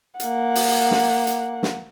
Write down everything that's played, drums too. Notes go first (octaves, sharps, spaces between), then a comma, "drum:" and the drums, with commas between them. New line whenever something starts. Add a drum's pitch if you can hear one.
A#3 F#5, drum: hi-hat
drum: open hi-hat
drum: snare
drum: hi-hat
drum: snare